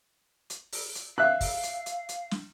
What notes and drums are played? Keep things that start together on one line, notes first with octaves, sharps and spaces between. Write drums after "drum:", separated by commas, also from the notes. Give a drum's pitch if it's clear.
drum: hi-hat
drum: open hi-hat
drum: hi-hat
E5 F5 F#6
drum: kick, open hi-hat
drum: hi-hat
drum: hi-hat
drum: hi-hat
drum: snare